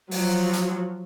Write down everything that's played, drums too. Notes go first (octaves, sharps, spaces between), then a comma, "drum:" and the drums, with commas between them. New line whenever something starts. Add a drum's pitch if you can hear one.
F3 F#3, drum: open hi-hat
drum: hi-hat